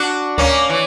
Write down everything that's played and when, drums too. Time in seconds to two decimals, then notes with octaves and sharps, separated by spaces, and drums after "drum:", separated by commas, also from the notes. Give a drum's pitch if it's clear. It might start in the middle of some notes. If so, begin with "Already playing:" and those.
Already playing: D4 F#4
0.38 A#3 C#4, drum: kick D2
0.70 E3